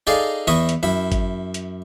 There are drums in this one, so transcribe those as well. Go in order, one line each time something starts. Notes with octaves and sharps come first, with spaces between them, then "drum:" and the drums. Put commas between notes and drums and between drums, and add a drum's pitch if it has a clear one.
D#4 G#4 A4 D5 D#5 F5
E2 E4 D#5 B5 C#6 D#6
drum: hi-hat
F#2 E4 B5
drum: kick G1, hi-hat
drum: hi-hat